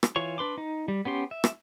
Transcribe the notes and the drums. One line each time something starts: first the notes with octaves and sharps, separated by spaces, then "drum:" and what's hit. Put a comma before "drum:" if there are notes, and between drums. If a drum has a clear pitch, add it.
drum: rim click
E3 F4 C#5 C#6
D4 B4 C6 D6
D#4
G3
B3 C#4 G4 C6
E5
drum: rim click